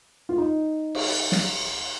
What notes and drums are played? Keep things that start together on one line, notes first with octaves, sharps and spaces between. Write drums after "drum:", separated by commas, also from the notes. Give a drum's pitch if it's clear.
F4
D#4
drum: cymbal
drum: snare